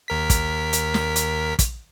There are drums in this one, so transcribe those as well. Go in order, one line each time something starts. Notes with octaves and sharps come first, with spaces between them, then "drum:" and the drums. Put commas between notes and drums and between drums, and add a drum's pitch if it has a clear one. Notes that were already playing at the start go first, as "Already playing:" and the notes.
D#2 A#4 B6
drum: kick, hi-hat
drum: hi-hat
drum: snare
drum: hi-hat
drum: kick, hi-hat